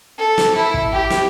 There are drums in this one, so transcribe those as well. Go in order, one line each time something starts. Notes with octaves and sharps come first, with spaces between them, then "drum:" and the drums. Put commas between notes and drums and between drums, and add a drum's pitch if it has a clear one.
A4
drum: snare
E4
drum: kick
G4
drum: snare